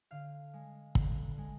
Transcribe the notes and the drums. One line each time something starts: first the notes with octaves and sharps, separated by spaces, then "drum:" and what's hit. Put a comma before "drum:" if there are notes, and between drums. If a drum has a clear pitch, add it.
D3 F5
G#3
D3, drum: kick
G#3